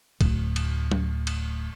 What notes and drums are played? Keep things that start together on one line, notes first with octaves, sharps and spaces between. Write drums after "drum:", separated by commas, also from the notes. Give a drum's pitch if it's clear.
D1 D2, drum: kick, cymbal
drum: cymbal
drum: tom F#3
drum: cymbal